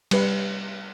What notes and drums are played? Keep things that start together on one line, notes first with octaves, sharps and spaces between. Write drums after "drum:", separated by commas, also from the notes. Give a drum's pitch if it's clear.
G3 B4, drum: cymbal